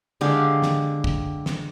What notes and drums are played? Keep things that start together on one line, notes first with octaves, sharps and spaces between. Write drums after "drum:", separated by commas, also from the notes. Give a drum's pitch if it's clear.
D3 G#3 G4 F5
drum: snare
drum: kick
drum: snare